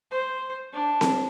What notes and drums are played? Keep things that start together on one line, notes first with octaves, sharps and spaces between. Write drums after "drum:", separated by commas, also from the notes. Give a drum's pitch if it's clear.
C5
D4
drum: snare C4